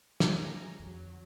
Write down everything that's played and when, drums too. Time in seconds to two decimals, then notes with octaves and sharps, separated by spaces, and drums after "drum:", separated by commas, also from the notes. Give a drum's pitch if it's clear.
0.20 G#4 G#5 A#5, drum: snare
0.79 F2 D3 F#3